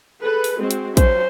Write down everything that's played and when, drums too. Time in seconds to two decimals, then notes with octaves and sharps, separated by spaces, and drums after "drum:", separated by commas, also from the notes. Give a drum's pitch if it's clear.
0.21 G#4 A4 B4
0.44 drum: open hi-hat
0.61 G#3 C4 F#4
0.71 drum: hi-hat
0.97 F#3 C#4 C5, drum: kick, hi-hat